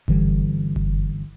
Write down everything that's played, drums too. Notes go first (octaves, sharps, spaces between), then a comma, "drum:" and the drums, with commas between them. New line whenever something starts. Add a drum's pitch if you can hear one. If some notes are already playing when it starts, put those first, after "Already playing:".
G1 D3 E3 G3, drum: kick F#1
drum: kick F#1